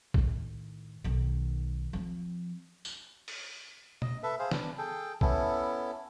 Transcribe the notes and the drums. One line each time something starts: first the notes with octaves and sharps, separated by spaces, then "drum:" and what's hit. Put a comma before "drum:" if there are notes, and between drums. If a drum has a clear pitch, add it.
A2 D#3, drum: kick
B1 D#3
F3 C4
drum: tambourine
drum: open hi-hat
D#5, drum: tom
A4 B4 E5
G#4 C5 F5
D4 B4, drum: snare
G#4 A4 G5
B3 C#4 E4 A4, drum: kick